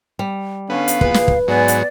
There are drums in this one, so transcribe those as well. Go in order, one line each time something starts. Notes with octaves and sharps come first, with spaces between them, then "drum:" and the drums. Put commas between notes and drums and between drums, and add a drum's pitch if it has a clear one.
G3
D3 B3 C#4 F5
drum: hi-hat
A#2 E3 G#4 B4, drum: kick
drum: snare
drum: kick
G#2 F#3 B3 D5 G#5
drum: hi-hat